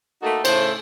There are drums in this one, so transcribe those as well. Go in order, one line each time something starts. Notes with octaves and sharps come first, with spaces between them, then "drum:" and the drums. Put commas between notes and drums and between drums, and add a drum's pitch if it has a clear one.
A3 A#3 D#4 F#4 A4
A2 C#3 A3 C5, drum: cymbal